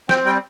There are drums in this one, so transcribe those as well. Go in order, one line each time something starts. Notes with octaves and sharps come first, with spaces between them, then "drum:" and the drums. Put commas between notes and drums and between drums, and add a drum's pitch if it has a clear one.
C4 G5, drum: snare
G3 G5